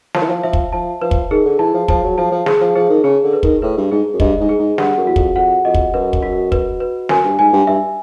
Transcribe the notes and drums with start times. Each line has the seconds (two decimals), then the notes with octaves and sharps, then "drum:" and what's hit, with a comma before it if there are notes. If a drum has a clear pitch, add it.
0.14 F3 A5, drum: snare
0.22 E3
0.29 F3
0.43 F3 E5
0.53 drum: kick
0.73 F3 A5
1.01 F3 B4
1.11 drum: kick
1.31 D#3 G#4
1.45 D3
1.59 E3 A5
1.74 F3
1.88 F3 A5, drum: kick
2.03 F#3
2.18 F3 A5
2.32 F3
2.46 G#4, drum: snare
2.61 F3
2.75 F3 G#4
2.89 D#3
3.04 C#3 G#4
3.24 D3
3.33 B4
3.43 D#3, drum: kick
3.62 A2 B4
3.77 G2
3.91 G#2 G#4
4.13 F#2
4.20 G2 D#5, drum: kick
4.40 G#2
4.49 G#4
4.59 G#2
4.78 G2 F#5, drum: snare
4.97 F#2
5.07 E2 F#4
5.16 F2, drum: kick
5.36 F2 F#5
5.65 F2 D#5
5.74 drum: kick
5.93 F#2 B4
6.13 drum: kick
6.23 F#4
6.52 B4, drum: kick
6.80 B4
7.09 F#2 G#5, drum: snare
7.25 G2
7.39 G#2 G#5
7.53 G2
7.67 G2 E5